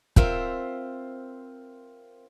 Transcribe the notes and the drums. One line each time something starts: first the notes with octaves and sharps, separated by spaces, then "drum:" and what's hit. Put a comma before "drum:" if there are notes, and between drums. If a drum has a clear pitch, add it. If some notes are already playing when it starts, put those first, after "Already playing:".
C4 F4 A#4 C5 E5, drum: kick